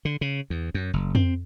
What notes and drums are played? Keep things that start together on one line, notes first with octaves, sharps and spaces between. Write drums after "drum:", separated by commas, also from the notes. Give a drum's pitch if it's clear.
D3
C#3
E2
F#2
F#1
C4, drum: tom F2